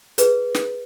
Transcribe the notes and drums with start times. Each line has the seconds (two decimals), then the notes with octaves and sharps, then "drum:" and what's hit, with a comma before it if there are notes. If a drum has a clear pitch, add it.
0.18 G#4 B4, drum: hi-hat
0.55 drum: snare